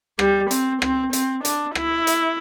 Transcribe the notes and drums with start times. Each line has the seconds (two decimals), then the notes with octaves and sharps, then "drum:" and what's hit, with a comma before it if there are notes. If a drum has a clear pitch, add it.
0.19 G3, drum: rim click
0.51 C4, drum: hi-hat
0.82 C4, drum: rim click
1.13 C4, drum: hi-hat
1.45 D4, drum: hi-hat
1.75 E4, drum: rim click
2.07 drum: hi-hat